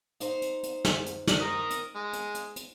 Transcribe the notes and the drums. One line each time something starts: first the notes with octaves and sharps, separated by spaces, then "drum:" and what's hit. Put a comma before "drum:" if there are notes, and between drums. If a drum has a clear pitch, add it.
D#4 C5, drum: hi-hat
drum: hi-hat
drum: hi-hat
drum: snare
drum: hi-hat
drum: snare
A#4 A#5 D#6
drum: hi-hat
G#3
drum: hi-hat
drum: hi-hat
drum: hi-hat